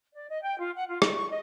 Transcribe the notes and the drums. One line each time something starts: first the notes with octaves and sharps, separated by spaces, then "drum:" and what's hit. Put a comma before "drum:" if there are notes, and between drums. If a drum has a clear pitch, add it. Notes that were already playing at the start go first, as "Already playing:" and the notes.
D5
D#5
G5
F4
F#5
F4
C#6, drum: rim click
C#6
D#5